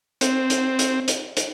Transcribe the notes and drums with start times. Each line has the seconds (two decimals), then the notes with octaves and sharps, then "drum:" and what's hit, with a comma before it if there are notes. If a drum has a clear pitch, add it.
0.21 C4, drum: hi-hat
0.50 drum: hi-hat
0.79 drum: hi-hat
1.08 drum: hi-hat
1.37 drum: hi-hat